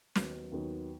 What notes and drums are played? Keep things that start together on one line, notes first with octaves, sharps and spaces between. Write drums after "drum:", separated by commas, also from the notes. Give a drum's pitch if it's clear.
D#2 D#3 F#3 B3, drum: snare
D#2 D#3 F#3 B3